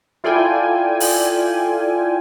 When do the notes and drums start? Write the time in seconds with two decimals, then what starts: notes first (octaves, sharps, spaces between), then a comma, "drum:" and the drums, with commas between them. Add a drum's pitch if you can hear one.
0.24 E4 F4 A4 D5 G5 G#5
1.00 drum: open hi-hat